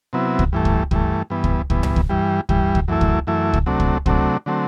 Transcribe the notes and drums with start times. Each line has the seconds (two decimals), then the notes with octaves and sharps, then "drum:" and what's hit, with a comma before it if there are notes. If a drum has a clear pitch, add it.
0.13 C3 F#3 B3 E4
0.39 drum: kick
0.52 G2 E3 A3
0.65 drum: kick
0.91 G2 E3 A3, drum: kick
1.30 G2 E3 B3
1.44 drum: kick
1.70 G2 E3 B3, drum: kick
1.83 drum: tom C2
1.96 drum: kick
2.09 G2 E3 G3
2.49 G2 E3 G3, drum: kick
2.75 drum: kick
2.88 F#2 E3 A3 E4
3.01 drum: kick
3.27 F#2 E3 A3 E4
3.53 drum: kick
3.66 C3 F#3 A3 D4
3.80 drum: kick
4.06 C3 F#3 A3 D4, drum: kick
4.46 D3 F#3 A3 C4